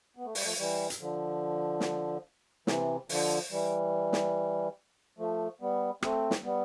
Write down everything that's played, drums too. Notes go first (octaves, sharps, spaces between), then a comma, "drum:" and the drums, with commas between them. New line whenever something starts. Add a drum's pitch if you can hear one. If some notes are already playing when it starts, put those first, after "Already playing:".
B3
A3
G3, drum: open hi-hat
F3 A3
E3 G3
drum: hi-hat
D3 F3
drum: snare
C3 E3, drum: snare
D3 F3, drum: open hi-hat
E3 G3
drum: snare
F3 A3
G3 B3
A3 C4, drum: rim click
drum: snare
G3 B3